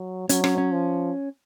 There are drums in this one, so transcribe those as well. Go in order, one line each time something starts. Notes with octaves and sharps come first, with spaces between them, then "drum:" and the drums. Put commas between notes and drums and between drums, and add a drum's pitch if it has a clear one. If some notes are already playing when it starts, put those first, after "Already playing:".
Already playing: F#3
F#3 C#4, drum: hi-hat
C#4, drum: rim click
C#4
F3